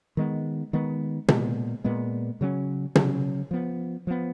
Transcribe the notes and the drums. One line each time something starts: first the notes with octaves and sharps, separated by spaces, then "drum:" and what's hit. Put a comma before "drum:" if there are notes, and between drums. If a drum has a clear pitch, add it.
D#3 G#3 B3
D#3 G#3 B3
A#2 G#3 B3, drum: tom
A#2 G#3 B3
C#3 F#3 C#4
C#3 F#3 C#4, drum: tom
F3 B3
F3 B3